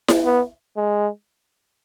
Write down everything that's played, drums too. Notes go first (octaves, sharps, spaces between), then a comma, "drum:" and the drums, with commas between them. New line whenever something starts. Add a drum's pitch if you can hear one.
drum: snare E4
B3
G#3